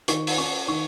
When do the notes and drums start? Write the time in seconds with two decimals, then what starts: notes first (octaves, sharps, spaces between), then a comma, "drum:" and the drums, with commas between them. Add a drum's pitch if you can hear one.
0.08 D#3 C#6, drum: hi-hat
0.27 drum: open hi-hat
0.38 C#4 C#6
0.68 D#3 C#6